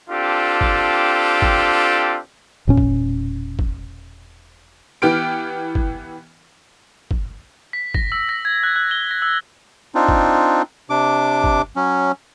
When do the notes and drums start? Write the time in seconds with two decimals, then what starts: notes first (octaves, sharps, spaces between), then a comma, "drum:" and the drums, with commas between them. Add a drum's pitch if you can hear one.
0.10 C4 D4 F4 G4 A4
0.61 drum: kick
1.42 drum: kick
2.67 E1 A#2 C#4
2.78 drum: kick
3.59 drum: kick
5.02 E3 B3 G4 F6 D7
5.75 drum: kick
7.11 drum: kick
7.73 B6
7.94 A#6, drum: kick
8.12 E6
8.29 A#6
8.45 G#6
8.63 F#6
8.76 F#6
8.91 G7
9.11 A#6
9.22 E6
9.95 C4 D4 D#4 F4
10.08 drum: kick
10.90 C3 D4 D6
11.44 drum: kick
11.76 F#3 C#4